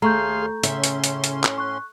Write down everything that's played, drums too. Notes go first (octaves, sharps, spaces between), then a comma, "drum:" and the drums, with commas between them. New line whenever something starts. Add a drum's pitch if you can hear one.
D#2 A3 G#4 F5 A#5 C6 C#6 G6
A2 C#3 C#4 E5 C6, drum: hi-hat
drum: hi-hat
drum: hi-hat
drum: hi-hat
drum: clap
C#6 F#6